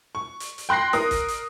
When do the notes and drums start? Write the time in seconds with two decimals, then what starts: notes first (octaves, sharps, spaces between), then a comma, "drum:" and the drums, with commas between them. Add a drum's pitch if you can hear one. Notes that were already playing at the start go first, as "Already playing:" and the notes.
0.15 C#6
0.40 drum: hi-hat
0.58 drum: hi-hat
0.69 G5 C6 F#6 A#6 C7
0.93 A#4 D#6, drum: snare
1.11 drum: kick, hi-hat
1.28 drum: hi-hat